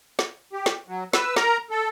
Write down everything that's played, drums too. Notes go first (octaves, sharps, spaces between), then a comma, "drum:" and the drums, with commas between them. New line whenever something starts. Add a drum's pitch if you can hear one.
drum: snare
G4
drum: snare
F#3
B4 E6, drum: snare
A#4 A#5, drum: snare
A4